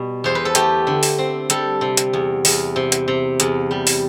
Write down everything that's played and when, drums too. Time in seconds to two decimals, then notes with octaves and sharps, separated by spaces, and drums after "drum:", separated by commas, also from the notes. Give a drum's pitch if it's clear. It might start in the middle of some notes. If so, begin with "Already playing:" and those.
Already playing: B2 G3
0.24 E2 C5
0.35 B4
0.45 A4
0.55 A3 G4, drum: hi-hat
0.87 D3
1.03 drum: open hi-hat
1.18 C4
1.50 G3 A4, drum: hi-hat
1.81 C3
1.97 drum: hi-hat
2.13 E2
2.45 E2, drum: open hi-hat
2.76 C3
2.92 drum: hi-hat
3.08 C3
3.40 E2, drum: hi-hat
3.71 G3
3.87 drum: open hi-hat